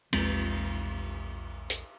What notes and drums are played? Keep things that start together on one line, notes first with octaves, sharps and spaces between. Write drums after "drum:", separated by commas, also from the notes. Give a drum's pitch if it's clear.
A#1 E2 G#3 C4, drum: cymbal
drum: hi-hat